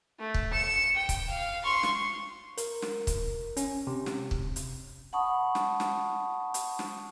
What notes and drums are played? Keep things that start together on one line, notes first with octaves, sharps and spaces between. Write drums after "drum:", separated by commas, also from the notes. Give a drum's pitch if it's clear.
A3
drum: kick
C#7 E7
G5
drum: kick, hi-hat
F5
C6 C#6
drum: snare
A#4, drum: hi-hat
drum: snare
drum: kick, hi-hat
C#4, drum: hi-hat
C3
drum: snare
drum: kick
drum: hi-hat
F#5 A5 B5 C#6 D#6
drum: snare
drum: snare
drum: hi-hat
drum: snare